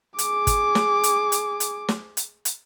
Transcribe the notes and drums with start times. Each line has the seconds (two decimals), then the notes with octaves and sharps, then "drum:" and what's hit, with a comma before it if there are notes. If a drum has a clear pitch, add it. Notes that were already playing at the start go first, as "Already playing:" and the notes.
0.19 G#4 D6, drum: hi-hat
0.47 drum: kick, hi-hat
0.75 drum: snare
1.04 drum: hi-hat
1.32 drum: hi-hat
1.60 drum: hi-hat
1.89 drum: snare
2.17 drum: hi-hat
2.45 drum: hi-hat